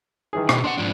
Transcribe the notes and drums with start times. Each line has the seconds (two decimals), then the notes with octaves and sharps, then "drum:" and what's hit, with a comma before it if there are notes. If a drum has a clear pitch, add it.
0.33 D#3 E3 G#4
0.49 B2, drum: rim click
0.64 D4 D5 F#5 C6
0.78 G#2 F3 D4